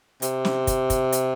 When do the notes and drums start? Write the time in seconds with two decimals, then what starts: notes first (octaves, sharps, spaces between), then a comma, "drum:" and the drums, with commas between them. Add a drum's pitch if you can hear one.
0.22 C3, drum: hi-hat
0.45 drum: snare
0.67 drum: kick, hi-hat
0.90 drum: kick, hi-hat
1.12 drum: hi-hat